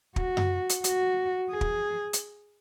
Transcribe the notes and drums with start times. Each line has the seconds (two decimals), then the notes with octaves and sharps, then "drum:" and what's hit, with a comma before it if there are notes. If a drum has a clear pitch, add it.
0.16 F#4, drum: kick
0.37 drum: tom F#2
0.69 drum: hi-hat
0.84 F#4, drum: hi-hat
1.51 G#4
1.61 drum: kick
2.13 drum: hi-hat